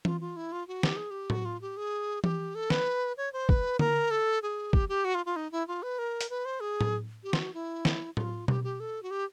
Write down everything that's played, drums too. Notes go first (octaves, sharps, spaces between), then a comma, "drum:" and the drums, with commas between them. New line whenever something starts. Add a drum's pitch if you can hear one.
F4, drum: tom E3
F4
E4
F4
F#4
G4, drum: snare
G#4
G4
F#4, drum: tom A2
F4
G4
G#4
G4, drum: tom E3
A4
B4, drum: snare
C#5
C5
B4, drum: kick
A#4, drum: tom D3
A4
G#4
G4, drum: kick
G4
F#4
F4
F4
D#4
E4
F4
B4
A#4
drum: hi-hat
B4
C5
G#4
drum: tom A2
G4
F4, drum: snare
F#4
E4
drum: snare
F4, drum: tom A2
G4, drum: tom B2
G4
A4
F#4
G4